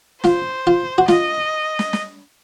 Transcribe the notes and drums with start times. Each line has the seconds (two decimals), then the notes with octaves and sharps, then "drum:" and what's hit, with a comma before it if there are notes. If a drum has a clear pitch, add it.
0.24 F4 C5, drum: snare
0.67 F4
0.98 F#4
1.08 F4 D#5, drum: snare
1.79 drum: snare
1.93 drum: snare